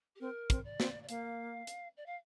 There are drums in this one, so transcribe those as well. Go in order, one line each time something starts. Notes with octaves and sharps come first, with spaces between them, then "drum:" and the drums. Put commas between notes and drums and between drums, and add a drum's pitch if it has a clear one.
G4
C4 A#4
C4, drum: kick, hi-hat
D5
C4, drum: snare
D5
A#3 F5, drum: hi-hat
drum: hi-hat
D5
F5